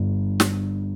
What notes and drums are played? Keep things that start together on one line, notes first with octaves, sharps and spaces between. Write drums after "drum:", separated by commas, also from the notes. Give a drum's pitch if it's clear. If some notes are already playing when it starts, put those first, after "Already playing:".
Already playing: G1 G2
drum: snare